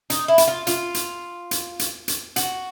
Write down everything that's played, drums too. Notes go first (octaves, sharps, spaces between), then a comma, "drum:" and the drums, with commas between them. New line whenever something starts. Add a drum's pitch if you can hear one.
D#4, drum: hi-hat
E4
drum: hi-hat
F4
F4, drum: hi-hat
drum: hi-hat
drum: hi-hat
drum: hi-hat
drum: hi-hat
F#4, drum: hi-hat